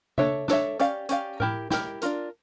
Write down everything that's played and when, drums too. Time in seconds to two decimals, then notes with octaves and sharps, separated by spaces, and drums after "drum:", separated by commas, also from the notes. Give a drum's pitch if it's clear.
0.18 D4 A4 C#5 E5, drum: tom C#3
0.48 D4 A4 C#5 E5, drum: snare
0.79 C#4 G4 D5 F5, drum: hi-hat
1.09 C#4 G4 D5 F5, drum: hi-hat
1.40 E4 G4 A#4, drum: tom A2
1.70 E4 G4 A#4, drum: snare
2.02 D4 F4 A#4, drum: hi-hat